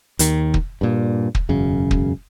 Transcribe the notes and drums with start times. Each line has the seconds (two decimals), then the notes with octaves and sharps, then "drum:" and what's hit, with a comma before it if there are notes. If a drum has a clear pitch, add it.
0.19 D#2 D#3, drum: hi-hat
0.54 drum: kick
0.81 G2 A#2
1.35 drum: kick
1.49 E1 F#2 C#3
1.91 drum: kick